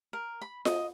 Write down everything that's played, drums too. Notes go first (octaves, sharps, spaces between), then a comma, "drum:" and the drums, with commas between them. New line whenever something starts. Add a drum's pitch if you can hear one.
A#4
B5
D#5, drum: snare F4